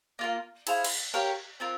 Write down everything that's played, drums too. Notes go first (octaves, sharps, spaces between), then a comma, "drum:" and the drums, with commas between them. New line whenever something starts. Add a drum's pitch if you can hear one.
A#3 F4 A#4
E4 G#4 C5 F5, drum: cymbal
drum: cymbal
G4 A#4 C#5 F5
C4 F4 A#4